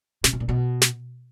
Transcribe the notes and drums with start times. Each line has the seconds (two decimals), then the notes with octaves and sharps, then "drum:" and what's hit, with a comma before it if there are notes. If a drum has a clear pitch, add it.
0.24 C3, drum: snare
0.33 B2
0.40 A#2
0.49 B2
0.82 drum: snare